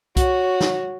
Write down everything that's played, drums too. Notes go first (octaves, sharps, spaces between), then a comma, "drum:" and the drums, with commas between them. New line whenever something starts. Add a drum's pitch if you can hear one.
F#4 C#5, drum: kick C2, hi-hat
drum: snare